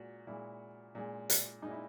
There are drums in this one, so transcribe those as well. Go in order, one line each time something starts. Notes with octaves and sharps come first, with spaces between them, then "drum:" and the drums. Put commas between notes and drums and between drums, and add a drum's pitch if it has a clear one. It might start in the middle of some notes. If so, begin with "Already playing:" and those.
Already playing: A#2 G#3 F#4
A#2 G#3 E4
A#2 G#3
drum: hi-hat
A#2 G#3 D#4
E4